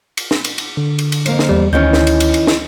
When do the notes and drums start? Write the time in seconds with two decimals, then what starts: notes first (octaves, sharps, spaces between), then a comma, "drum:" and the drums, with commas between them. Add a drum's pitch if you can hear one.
0.17 drum: cymbal
0.31 drum: snare
0.44 drum: cymbal
0.58 drum: cymbal
0.77 D3
0.99 drum: cymbal
1.12 drum: cymbal
1.26 F2 A#3 C5, drum: cymbal
1.39 drum: snare
1.49 E2 G3
1.73 D2 D#3 E3 C#4 G6
1.93 drum: snare
2.07 drum: cymbal
2.20 drum: cymbal
2.34 drum: cymbal
2.47 drum: snare